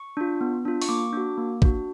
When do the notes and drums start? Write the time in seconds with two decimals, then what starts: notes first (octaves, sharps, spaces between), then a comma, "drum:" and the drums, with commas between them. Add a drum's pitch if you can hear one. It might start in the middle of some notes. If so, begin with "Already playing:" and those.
Already playing: C#6
0.17 D4 F4
0.41 B3
0.65 D4 F4
0.82 C#6, drum: open hi-hat
0.89 A#3 D6
1.13 D4 F#4
1.38 A#3
1.62 D4 F#4, drum: kick